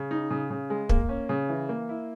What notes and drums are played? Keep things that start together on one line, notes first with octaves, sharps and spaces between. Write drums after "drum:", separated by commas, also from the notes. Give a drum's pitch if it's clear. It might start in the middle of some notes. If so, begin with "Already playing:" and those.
Already playing: C#3
D#4
C#3
C#3
G#3
A#3, drum: kick
C#4
C#3
E3
A#3
E4